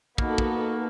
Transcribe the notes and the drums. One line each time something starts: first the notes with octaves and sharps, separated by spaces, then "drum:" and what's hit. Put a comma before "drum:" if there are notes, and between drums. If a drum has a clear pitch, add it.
A#3 B3 D#4 F#4 A4, drum: kick
drum: kick